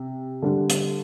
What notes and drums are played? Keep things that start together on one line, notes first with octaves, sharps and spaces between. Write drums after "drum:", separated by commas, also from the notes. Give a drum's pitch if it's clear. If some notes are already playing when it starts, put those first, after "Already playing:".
Already playing: C3
D3 G3 D4
drum: hi-hat